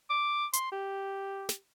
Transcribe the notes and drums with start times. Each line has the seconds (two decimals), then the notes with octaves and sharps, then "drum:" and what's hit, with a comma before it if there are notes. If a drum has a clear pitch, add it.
0.10 D6
0.53 C6, drum: hi-hat
0.72 G4
1.49 drum: snare